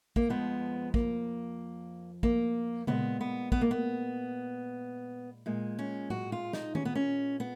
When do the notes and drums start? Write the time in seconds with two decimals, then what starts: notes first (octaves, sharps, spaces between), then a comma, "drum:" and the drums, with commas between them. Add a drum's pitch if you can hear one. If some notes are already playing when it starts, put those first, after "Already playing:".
0.16 A#3, drum: kick
0.29 F2 F3 G#3 B3
0.94 A#3, drum: kick
2.23 A#3, drum: kick
2.87 A#2 G#3 B3, drum: tom C#3
3.21 B3
3.52 B3, drum: kick
3.61 A#3
3.71 B3
5.46 A#2 G#3
5.79 C#4
6.10 F#4, drum: tom A2
6.32 F4
6.53 D#4, drum: snare
6.75 C#4, drum: tom D#3
6.85 B3
6.95 C#4
7.40 B3